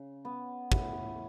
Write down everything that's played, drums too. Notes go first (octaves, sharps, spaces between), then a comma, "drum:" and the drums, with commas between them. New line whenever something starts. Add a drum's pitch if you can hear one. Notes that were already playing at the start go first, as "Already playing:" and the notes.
Already playing: C#3
B3
A2, drum: kick